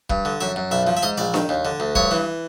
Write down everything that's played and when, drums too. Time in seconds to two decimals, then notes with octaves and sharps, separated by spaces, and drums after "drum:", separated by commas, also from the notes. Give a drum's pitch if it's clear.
0.10 G2, drum: kick
0.25 D3
0.41 F#2 E5
0.56 F#2
0.71 B1 E5
0.87 F3
0.97 E5
1.03 G#2 D#5
1.18 A#1 D5
1.34 D#3, drum: snare D4
1.49 D#2
1.65 D3
1.80 D2
1.95 G2 C#5, drum: kick
2.11 E3